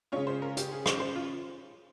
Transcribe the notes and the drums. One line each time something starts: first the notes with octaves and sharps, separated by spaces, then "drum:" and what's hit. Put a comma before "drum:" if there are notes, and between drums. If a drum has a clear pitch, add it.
C#3 G#3 C#4 F4 C#5
C5
A#4
G4, drum: hi-hat
G#4
C5, drum: rim click
C5
F4